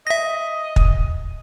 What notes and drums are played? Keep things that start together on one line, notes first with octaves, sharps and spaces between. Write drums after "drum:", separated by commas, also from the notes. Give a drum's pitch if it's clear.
D#5 E5 A#6
drum: kick